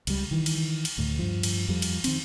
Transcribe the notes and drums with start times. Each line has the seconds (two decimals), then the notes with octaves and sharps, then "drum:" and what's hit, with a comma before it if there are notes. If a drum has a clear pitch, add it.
0.07 C#2 G3, drum: cymbal
0.31 D#3 E3
0.46 drum: cymbal
0.85 drum: cymbal
0.98 D2 A2
1.19 G2 F3
1.43 drum: cymbal
1.68 F2 F3 G3
1.82 drum: cymbal
2.04 D#3 C4, drum: cymbal